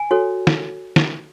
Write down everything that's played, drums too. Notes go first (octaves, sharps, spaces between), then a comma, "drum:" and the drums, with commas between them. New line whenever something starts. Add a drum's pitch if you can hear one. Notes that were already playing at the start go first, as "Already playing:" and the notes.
Already playing: G#5
F#4 A4 C#5
drum: snare
drum: snare